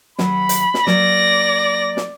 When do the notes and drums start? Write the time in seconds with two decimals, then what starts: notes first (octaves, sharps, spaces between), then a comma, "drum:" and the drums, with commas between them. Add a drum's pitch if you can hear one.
0.19 D#2 F#3 F#5 B5, drum: snare
0.49 drum: hi-hat
0.74 drum: snare
0.87 F#3 A#3 D5 A#6, drum: snare
1.97 drum: snare